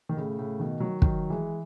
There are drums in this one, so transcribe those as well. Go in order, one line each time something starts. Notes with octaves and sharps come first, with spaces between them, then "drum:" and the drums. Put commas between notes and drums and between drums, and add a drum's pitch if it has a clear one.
D#3
A2 C#3
A2 C#3
B2 D#3
D#3 F#3
D#3 F#3, drum: kick
E3 G#3